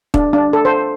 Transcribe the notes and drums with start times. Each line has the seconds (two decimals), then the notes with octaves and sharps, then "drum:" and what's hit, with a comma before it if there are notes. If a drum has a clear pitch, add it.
0.14 D4, drum: kick D#1
0.33 D4
0.53 A4
0.65 C5